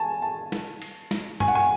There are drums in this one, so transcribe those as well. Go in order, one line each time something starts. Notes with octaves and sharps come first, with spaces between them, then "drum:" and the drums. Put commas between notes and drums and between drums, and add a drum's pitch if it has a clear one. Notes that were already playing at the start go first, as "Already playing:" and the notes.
Already playing: G#5 A5
A5
drum: snare
drum: cymbal
drum: snare
G#5, drum: tom F#2
F#5
G#5